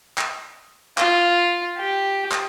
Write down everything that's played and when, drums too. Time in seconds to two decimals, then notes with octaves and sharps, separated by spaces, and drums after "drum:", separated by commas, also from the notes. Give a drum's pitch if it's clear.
0.18 drum: clap
0.98 F4, drum: clap
1.77 G4
2.32 drum: clap